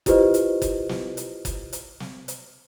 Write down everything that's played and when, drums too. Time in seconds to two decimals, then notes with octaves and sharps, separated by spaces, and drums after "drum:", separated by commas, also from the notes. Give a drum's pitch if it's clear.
0.06 E4 F4 G4 B4 C5 D#5, drum: kick F#1, hi-hat
0.34 drum: hi-hat
0.62 drum: kick F#1, hi-hat
0.89 drum: snare
1.17 drum: hi-hat
1.45 drum: kick F#1, hi-hat
1.73 drum: hi-hat
2.00 drum: snare
2.28 drum: hi-hat